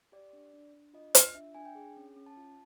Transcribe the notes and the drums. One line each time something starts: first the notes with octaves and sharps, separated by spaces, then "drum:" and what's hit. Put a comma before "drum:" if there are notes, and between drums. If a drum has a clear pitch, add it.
G4 D5
D4
D4
D4
F4 D#5
F4, drum: hi-hat
D4 E5
D4 G#5
G5
G#4
C#4
C#4
A5
F4